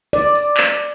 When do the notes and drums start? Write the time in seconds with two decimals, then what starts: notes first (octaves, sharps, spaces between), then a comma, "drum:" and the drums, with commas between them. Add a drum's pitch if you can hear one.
0.13 D5, drum: tambourine
0.35 drum: tambourine
0.57 drum: clap